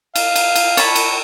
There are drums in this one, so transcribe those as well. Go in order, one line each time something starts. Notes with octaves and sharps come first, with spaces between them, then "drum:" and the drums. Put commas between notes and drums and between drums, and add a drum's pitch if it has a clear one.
F5, drum: cymbal
drum: cymbal
drum: cymbal
C#5 A5 B5, drum: cymbal
drum: cymbal